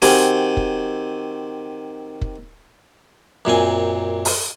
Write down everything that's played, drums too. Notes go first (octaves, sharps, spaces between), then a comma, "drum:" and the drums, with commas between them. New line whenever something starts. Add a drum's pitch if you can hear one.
D#3 C4 F#4 G4 G#5, drum: open hi-hat
drum: kick
drum: kick
F#2 A#2 C4 G#5
drum: open hi-hat